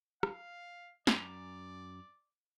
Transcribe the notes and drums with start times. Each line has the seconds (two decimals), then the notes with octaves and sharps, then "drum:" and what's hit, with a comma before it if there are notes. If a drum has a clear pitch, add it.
0.23 F5, drum: rim click
1.07 F#2 D5 A#5, drum: snare